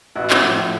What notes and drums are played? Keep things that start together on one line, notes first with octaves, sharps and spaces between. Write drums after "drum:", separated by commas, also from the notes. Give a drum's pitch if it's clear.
A1 E4 F#4
drum: clap
A2 F3